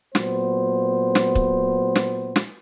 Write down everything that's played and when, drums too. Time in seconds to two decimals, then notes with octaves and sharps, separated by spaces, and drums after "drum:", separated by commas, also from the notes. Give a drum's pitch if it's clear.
0.15 A#2 F#3 B3 C5, drum: snare
1.15 drum: snare
1.35 drum: kick
1.96 drum: snare
2.36 drum: snare